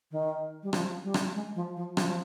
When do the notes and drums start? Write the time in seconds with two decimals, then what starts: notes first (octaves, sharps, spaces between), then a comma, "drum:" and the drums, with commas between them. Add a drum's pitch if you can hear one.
0.12 D#3
0.63 G3
0.73 F3, drum: rim click
1.04 G3
1.14 drum: rim click
1.34 G#3
1.55 F3
1.76 F3
1.97 F3, drum: rim click